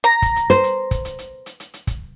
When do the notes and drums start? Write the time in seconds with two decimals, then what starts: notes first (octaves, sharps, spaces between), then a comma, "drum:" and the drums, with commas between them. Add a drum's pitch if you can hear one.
0.04 A#5
0.22 drum: kick, hi-hat
0.36 drum: hi-hat
0.50 C5, drum: hi-hat
0.64 drum: hi-hat
0.91 drum: kick, hi-hat
1.05 drum: hi-hat
1.19 drum: hi-hat
1.46 drum: hi-hat
1.60 drum: hi-hat
1.74 drum: hi-hat
1.87 drum: kick, hi-hat